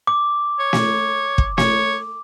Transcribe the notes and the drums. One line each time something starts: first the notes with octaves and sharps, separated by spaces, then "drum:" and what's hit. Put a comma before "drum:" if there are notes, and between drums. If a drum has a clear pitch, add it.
D6
C#5
drum: snare
drum: kick
C#5, drum: snare